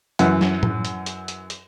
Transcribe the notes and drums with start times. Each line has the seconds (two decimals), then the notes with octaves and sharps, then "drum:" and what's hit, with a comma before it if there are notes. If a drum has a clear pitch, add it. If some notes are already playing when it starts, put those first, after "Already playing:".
0.19 F#2 E3 F#5, drum: hi-hat
0.41 drum: snare
0.63 drum: tom
0.85 drum: hi-hat
1.06 drum: hi-hat
1.28 drum: hi-hat
1.50 drum: hi-hat